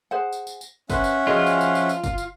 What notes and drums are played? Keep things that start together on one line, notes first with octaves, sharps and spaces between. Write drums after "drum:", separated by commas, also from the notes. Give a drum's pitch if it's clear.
G#4 C5 F#5
drum: tambourine
drum: tambourine
drum: tambourine
C#4 B4 C5 E5 F#5, drum: kick, tambourine
drum: tambourine
F3 F4 F#4 G#4 D#5
drum: tambourine
drum: tambourine
drum: tambourine
drum: tambourine
drum: kick, tambourine
drum: tambourine